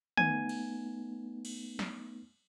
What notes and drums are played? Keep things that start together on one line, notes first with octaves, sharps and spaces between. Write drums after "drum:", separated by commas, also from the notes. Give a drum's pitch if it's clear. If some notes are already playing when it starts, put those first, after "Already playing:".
A3 B3 D#4 G#5, drum: tom
drum: cymbal
drum: cymbal
drum: snare